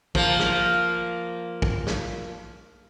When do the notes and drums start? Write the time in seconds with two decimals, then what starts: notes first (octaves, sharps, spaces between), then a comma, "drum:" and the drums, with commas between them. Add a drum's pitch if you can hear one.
0.15 F3 A#3, drum: kick
0.39 drum: snare
1.62 drum: kick
1.87 drum: snare